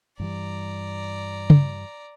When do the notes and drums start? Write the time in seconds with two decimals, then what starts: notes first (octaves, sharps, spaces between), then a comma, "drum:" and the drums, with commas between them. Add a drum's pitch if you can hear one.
0.20 G2 E3 G3 D5 A#5
1.50 drum: tom C#3